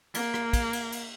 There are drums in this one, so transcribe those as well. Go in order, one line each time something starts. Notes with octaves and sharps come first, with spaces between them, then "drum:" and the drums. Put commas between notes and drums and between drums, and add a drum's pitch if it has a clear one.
A#3, drum: cymbal
drum: rim click
drum: kick, cymbal
drum: cymbal
drum: cymbal